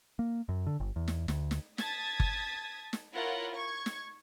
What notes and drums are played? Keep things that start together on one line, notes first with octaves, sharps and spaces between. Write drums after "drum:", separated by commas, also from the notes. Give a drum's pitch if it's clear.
A#3
F#2
D3
G1
E2
drum: snare
D2, drum: snare
drum: snare
A5 D#6 G#6 A6 B6, drum: snare
drum: kick G1
drum: snare
E4 F4 A#4 C#5 F#5
C#6 G#6
drum: snare